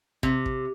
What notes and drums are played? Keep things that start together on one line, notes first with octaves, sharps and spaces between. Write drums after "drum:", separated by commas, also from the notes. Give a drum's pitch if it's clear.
C3, drum: kick
drum: kick